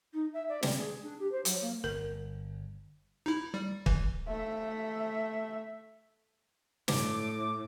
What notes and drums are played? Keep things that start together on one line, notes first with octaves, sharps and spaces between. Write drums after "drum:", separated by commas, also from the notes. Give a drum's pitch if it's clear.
D#4
E5
D5
C4, drum: snare
G#4
D4
G4
C5
F#3, drum: hi-hat
A#3
G1 A#4
D#4 E4
G3
E3, drum: kick
A3 E5
A2 D6, drum: snare